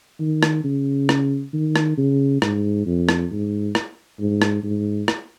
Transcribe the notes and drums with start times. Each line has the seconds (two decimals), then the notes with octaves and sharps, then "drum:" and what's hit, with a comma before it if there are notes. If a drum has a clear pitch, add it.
0.20 D#3
0.43 drum: rim click
0.64 C#3
1.09 drum: rim click
1.53 D#3
1.76 drum: rim click
1.97 C#3
2.42 G#2, drum: rim click
2.86 F2
3.09 drum: rim click
3.31 G#2
3.75 drum: rim click
4.20 G#2
4.42 drum: rim click
4.63 G#2
5.08 drum: rim click